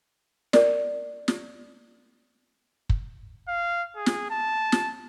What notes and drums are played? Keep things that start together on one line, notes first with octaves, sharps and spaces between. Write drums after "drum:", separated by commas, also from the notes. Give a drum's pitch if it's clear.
A#4 D5, drum: snare
drum: snare
drum: kick
F5
G#4
drum: snare
A5
drum: snare